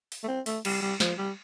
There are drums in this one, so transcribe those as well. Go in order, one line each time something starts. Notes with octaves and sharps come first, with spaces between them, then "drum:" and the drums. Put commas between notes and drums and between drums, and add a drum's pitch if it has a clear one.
drum: open hi-hat
A3
C4
A3, drum: open hi-hat
G3, drum: cymbal
G3
F3, drum: snare
G3